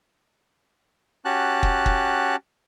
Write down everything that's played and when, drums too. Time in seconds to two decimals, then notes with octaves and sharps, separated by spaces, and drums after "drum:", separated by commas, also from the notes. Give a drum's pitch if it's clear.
1.25 C#4 F#4 G4 A5 F#6
1.63 drum: kick
1.86 drum: kick